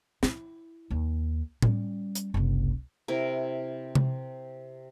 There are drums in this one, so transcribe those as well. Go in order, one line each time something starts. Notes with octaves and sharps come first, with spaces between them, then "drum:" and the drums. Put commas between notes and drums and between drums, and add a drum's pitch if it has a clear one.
E4, drum: snare
D#2
G3 C#4, drum: tom A2
drum: hi-hat
F#1 C2
C3 E4 A#4
drum: tom C3